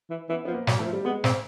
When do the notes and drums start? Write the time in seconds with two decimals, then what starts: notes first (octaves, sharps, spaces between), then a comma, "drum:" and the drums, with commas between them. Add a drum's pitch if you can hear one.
0.10 E3
0.29 E3 B3
0.45 F3 B3
0.54 A#3
0.67 F#3, drum: snare
0.79 E3 A3
0.85 F3
0.93 G3
1.05 G#3 B3
1.24 C4, drum: snare